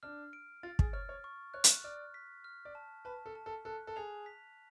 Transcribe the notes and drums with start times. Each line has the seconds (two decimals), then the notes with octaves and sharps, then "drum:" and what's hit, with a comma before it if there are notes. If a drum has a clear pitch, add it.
0.03 D4 F6
0.33 D7
0.63 F4 A6
0.79 G#4, drum: kick
0.93 C#5 F6
1.09 C#5
1.24 C#6
1.54 C#5 F#6
1.64 drum: hi-hat
1.84 D5 F6
2.14 B6
2.44 F6
2.65 D5
2.75 A5
3.05 B4 A5
3.26 A4
3.35 A5
3.46 A4
3.65 A4 F#6
3.87 A4
3.96 G#4 F7
4.26 B6